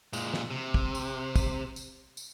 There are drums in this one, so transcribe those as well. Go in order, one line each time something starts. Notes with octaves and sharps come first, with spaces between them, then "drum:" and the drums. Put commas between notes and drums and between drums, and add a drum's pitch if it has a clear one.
A#2 G#3, drum: tambourine
drum: snare
C3
drum: kick
drum: tambourine
drum: kick, tambourine
drum: tambourine
drum: tambourine